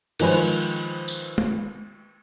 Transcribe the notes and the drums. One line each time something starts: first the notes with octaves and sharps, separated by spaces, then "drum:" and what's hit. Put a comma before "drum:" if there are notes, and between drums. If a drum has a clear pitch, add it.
D#3 F3 G#3 B4 C5, drum: cymbal
drum: tambourine
drum: tom